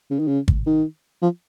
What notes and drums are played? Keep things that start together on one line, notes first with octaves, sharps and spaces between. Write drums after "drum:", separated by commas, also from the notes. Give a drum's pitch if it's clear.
C#3
D#3
C#3
drum: kick
D#3
F3